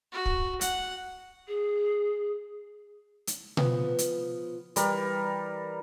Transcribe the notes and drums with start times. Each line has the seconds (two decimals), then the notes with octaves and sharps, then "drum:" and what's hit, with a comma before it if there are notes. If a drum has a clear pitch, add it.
0.12 F#4
0.26 drum: kick
0.61 F#5, drum: hi-hat
1.48 G#4
3.27 drum: hi-hat
3.57 F3 B3, drum: tom B2
3.99 drum: hi-hat
4.76 E3 G3 A#4, drum: hi-hat